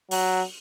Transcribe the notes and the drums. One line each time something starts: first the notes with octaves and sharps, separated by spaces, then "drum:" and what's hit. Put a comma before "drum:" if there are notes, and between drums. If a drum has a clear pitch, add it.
F#3, drum: open hi-hat